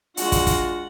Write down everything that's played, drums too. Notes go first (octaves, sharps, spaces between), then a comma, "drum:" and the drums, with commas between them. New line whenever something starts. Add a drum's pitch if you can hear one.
G#3 D4 F4 F#4 F#5, drum: hi-hat
drum: kick, hi-hat
drum: kick, hi-hat